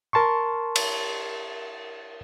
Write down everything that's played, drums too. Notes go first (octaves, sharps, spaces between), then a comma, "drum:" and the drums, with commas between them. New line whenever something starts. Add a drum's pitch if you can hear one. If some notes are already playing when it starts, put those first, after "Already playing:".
A#4 A5 C6 C#6
drum: cymbal